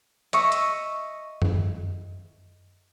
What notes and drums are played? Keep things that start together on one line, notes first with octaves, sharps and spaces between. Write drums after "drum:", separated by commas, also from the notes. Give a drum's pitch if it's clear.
D#5 E5 C#6, drum: hi-hat
drum: hi-hat
drum: tom F#2